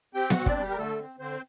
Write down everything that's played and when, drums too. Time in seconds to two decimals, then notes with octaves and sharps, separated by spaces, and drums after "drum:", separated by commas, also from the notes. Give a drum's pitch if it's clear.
0.14 C4 G4 G5
0.30 C4 F#4 F#5, drum: snare B3
0.46 D4 D5, drum: kick
0.57 G3
0.62 G4
0.70 A#4
0.77 D3 A3 A4
0.99 C4
1.19 D3 C4 C5